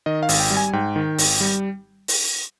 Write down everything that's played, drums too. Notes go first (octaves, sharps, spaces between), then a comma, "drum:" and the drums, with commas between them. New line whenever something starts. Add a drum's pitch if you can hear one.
D#3 D#5
F5
G#1, drum: open hi-hat
G5
G3
G#5
G#2 G5
D#3
G#1, drum: open hi-hat
G3
drum: open hi-hat